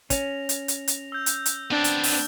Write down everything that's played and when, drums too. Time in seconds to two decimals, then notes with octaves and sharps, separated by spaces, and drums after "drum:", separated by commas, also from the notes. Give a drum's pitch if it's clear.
0.10 C#4 A#6 F7, drum: kick, hi-hat
0.49 drum: hi-hat
0.68 drum: hi-hat
0.88 drum: hi-hat
1.12 E6 G6
1.26 drum: hi-hat
1.46 drum: hi-hat
1.71 B3 C4 D4
1.84 drum: hi-hat
2.04 drum: open hi-hat